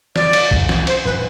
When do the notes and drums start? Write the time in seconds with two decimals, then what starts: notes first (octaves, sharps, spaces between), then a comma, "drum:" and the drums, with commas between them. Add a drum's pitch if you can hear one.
0.16 D5, drum: snare
0.33 drum: cymbal
0.51 drum: kick
0.69 drum: snare
0.87 C5, drum: cymbal
1.05 B4, drum: tom